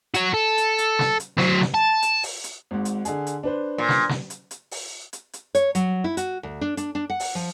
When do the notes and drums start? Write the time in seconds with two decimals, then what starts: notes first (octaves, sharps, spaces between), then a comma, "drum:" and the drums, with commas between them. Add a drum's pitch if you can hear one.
0.14 F#4 C#5, drum: hi-hat
0.34 A4
0.58 drum: hi-hat
0.78 drum: hi-hat
0.99 drum: snare
1.20 drum: hi-hat
1.38 F#3 C5, drum: snare
1.61 drum: snare
1.74 A5
2.02 drum: hi-hat
2.23 drum: open hi-hat
2.44 drum: hi-hat
2.71 G#1 G#2
2.85 drum: hi-hat
3.05 D3 G#4, drum: hi-hat
3.27 drum: hi-hat
3.43 D4 B4 C5
3.78 A#2
3.89 drum: snare
4.09 drum: snare
4.30 drum: hi-hat
4.51 drum: hi-hat
4.71 drum: open hi-hat
5.13 drum: hi-hat
5.33 drum: hi-hat
5.55 C#5, drum: hi-hat
5.75 F#3, drum: hi-hat
6.04 E4
6.17 F#4, drum: hi-hat
6.43 D2
6.61 D4
6.77 D4, drum: hi-hat
6.95 D4
7.10 F#5
7.20 drum: open hi-hat
7.35 F3